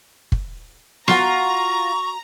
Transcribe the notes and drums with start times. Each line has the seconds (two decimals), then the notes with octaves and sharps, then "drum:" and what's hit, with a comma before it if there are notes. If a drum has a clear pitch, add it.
0.32 drum: kick
1.08 F4 F#4 F#5 A#5 C#6, drum: snare B3